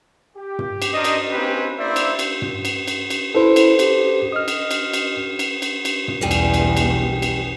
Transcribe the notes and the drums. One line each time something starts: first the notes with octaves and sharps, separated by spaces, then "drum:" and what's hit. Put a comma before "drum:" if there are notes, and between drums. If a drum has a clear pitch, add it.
G4
drum: tom
drum: cymbal
D4 A#4 C5 D5 D#5
drum: cymbal
A#3 C4 C#4 D#4 G4 B4
A#3 E4 C5 D5 E5
drum: cymbal
drum: cymbal
drum: tom
drum: cymbal
drum: cymbal
drum: cymbal
E4 A4 B4 C5
drum: cymbal
G4, drum: cymbal
D#5 D#6 F6
drum: cymbal
drum: cymbal
drum: cymbal
drum: cymbal
drum: cymbal
drum: cymbal
drum: tom
B1 E2 G3 G4 G#4
drum: cymbal
drum: cymbal
drum: cymbal
drum: cymbal